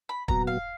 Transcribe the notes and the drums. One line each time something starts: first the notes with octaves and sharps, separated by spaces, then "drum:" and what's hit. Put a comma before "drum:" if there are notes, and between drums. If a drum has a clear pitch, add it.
B5
A#2 F#3 B3 F#4 A#5, drum: kick
F5